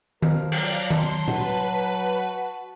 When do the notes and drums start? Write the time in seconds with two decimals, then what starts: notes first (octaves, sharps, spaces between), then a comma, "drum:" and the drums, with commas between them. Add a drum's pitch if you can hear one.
0.22 F3 A#4, drum: tom D#3
0.52 F#3 D5 F5 A#5, drum: cymbal
0.90 A5 C6, drum: tom D#3
1.28 F#4 B4, drum: tom A#2